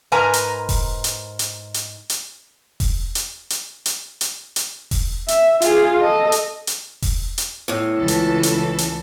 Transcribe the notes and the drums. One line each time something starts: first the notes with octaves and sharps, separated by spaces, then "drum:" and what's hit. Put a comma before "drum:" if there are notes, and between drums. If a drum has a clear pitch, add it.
G#2 A#4 B4 G#5 A#5
drum: hi-hat
drum: kick E1, open hi-hat
drum: hi-hat
drum: hi-hat
drum: hi-hat
drum: hi-hat
drum: kick E1, open hi-hat
drum: hi-hat
drum: hi-hat
drum: hi-hat
drum: hi-hat
drum: hi-hat
drum: kick E1, open hi-hat
E5, drum: hi-hat
F4 G#4, drum: hi-hat
A4 D#5
drum: hi-hat
drum: hi-hat
drum: kick E1, open hi-hat
drum: hi-hat
E2 A2
C#2 E3 A4
drum: hi-hat
drum: hi-hat
drum: hi-hat